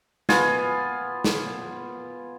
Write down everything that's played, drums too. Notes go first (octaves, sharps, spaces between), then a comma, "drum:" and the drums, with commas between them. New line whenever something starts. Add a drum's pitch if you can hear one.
B3 F4 G#5, drum: snare
drum: snare